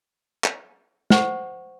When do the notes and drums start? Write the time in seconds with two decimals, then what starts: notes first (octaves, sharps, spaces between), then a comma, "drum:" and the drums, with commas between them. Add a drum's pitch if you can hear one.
0.44 drum: clap
1.10 C5 F#5 C#6, drum: snare